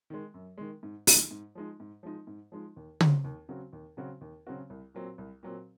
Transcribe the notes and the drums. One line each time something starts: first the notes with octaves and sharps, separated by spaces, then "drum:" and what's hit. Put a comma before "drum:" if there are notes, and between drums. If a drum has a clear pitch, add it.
D#3 G#3
F#2
D#3 G#3
G#2
F3 G#3 D#4, drum: open hi-hat
G#2
F3 G#3 D#4
G#2
F3 G#3 D#4
G#2
F3 G#3 D#4
D#2
C#3 F#3 C4 F#4, drum: tom
D#2
C#3 F#3 C4 F#4
D#2
C#3 F#3 C4 F#4
D#2
C#3 F#3 C4 F#4
C2
A#2 F#3 C4
C2
A#2 F#3 C4